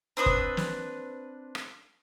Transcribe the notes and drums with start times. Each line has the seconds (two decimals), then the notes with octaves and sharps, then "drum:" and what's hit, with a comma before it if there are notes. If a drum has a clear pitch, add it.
0.17 C4 D4 B4 D#6
0.26 drum: kick
0.57 drum: snare
1.55 drum: rim click